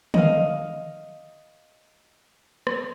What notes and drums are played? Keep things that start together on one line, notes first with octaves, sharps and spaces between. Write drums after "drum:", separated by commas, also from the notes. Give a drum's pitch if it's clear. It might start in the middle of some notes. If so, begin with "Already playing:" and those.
D#5 F5, drum: tom D3
drum: rim click